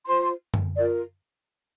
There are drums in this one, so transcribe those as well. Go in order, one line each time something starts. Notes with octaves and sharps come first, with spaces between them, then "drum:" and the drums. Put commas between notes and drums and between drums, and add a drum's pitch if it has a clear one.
F4 C5 C6
drum: tom F#2
F4 A#4 D5